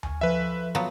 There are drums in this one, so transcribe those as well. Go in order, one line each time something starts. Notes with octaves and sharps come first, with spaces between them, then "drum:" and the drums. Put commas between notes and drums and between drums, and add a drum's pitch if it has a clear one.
G#5 C#6 F6, drum: tom D2
F3 A4 B4 E5
F3 F#3 B3